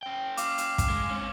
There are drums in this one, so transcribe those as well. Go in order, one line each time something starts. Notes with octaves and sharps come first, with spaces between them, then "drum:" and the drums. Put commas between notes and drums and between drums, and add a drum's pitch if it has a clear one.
C#4 G5
F5 D6, drum: hi-hat
drum: hi-hat
drum: kick, hi-hat
G#3
C4 C#4